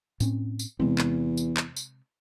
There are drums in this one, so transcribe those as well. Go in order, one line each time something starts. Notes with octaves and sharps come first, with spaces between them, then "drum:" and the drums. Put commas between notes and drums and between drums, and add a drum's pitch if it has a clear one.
A2 C4 C#4, drum: tambourine
drum: tambourine
E2 C3 G#3 C4
drum: clap
drum: tambourine
drum: clap
drum: tambourine